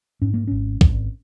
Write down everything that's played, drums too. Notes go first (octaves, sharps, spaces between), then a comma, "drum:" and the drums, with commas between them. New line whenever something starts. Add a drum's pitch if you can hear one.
G#2 C#4
A#3
G#1 C#4
G#1, drum: kick B1